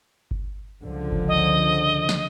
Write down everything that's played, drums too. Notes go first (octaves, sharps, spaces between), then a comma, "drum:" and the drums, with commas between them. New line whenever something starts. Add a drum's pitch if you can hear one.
drum: kick G1
C#2 D3 F3
drum: kick G1
D#5
drum: snare